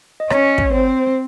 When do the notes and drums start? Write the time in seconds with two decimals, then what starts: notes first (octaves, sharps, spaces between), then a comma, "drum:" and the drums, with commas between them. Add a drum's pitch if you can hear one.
0.20 D#5
0.30 C#4 C#5, drum: rim click
0.58 drum: kick
0.71 C4 C5